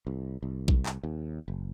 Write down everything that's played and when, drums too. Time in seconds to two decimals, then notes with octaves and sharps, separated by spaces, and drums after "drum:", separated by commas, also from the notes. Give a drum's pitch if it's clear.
0.07 C2
0.43 C2
0.68 drum: kick A#1
0.86 drum: clap
1.03 D#2
1.48 F#1